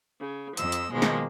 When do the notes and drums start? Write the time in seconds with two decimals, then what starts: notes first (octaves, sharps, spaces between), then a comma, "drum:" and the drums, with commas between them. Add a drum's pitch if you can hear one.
0.21 C#3
0.57 F2 F3 D#5 E6, drum: hi-hat
0.72 drum: hi-hat
0.92 B2 D#3 F3 G#3 A#3
1.02 drum: snare